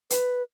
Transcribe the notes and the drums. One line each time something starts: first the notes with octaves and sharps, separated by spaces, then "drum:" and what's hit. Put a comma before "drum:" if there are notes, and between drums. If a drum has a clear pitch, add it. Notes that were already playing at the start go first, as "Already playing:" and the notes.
B4, drum: hi-hat